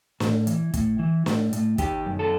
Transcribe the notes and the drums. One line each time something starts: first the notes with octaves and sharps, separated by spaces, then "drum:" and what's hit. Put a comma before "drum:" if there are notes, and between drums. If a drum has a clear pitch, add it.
A2, drum: snare
E3, drum: hi-hat
A2, drum: kick, hi-hat
E3
A2, drum: snare
A2, drum: hi-hat
D#3 G4, drum: kick, hi-hat
F#2
A4